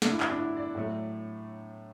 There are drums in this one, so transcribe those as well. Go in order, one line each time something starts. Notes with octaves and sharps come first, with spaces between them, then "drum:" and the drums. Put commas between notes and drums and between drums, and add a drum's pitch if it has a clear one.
D3 A3 D4, drum: snare
E4
F#4, drum: clap
D4
E4
D5
A2 F#3 A3